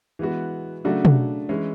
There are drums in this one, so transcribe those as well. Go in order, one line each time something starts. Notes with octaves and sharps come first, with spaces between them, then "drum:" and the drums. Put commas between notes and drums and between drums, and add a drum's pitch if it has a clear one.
E3 G#3 B3 F#4
C#3 F#3 A3 D4 F#4
drum: tom
E3 G#3 C#4 E4